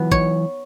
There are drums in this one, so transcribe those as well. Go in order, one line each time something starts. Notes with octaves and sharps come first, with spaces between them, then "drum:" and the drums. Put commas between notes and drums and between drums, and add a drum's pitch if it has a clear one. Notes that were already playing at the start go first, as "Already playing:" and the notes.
Already playing: E3 F#3 B3
C#5, drum: kick